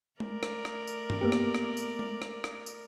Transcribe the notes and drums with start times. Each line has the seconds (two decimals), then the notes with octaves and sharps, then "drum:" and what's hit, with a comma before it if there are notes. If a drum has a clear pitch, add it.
0.20 A3 A#4 D5, drum: tom G#3
0.43 drum: rim click
0.65 drum: rim click
0.87 drum: tambourine
1.10 drum: tom G2
1.21 A#3 B3 G4
1.32 drum: rim click
1.55 drum: rim click
1.77 drum: tambourine
1.99 drum: tom G#3
2.22 drum: rim click
2.44 drum: rim click
2.66 drum: tambourine